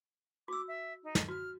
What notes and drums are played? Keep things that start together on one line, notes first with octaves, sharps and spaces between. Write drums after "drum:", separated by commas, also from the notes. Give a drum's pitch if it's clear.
F#4 D6 E6
E5
D#4
drum: snare
F#4 F6